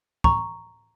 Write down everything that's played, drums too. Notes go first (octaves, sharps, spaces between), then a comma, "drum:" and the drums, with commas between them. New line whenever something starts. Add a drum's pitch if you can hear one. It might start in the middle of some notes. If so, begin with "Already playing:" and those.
A#5 C#6, drum: kick